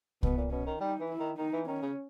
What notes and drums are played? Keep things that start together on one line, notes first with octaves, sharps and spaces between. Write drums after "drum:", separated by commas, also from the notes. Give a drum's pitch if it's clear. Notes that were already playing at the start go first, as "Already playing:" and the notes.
B2 B3, drum: kick C2
A#2
B2 C#4
D#3
G3 D#4
E3
E4
D#3
D#3 D#4
E3
D#3 C#4
C#3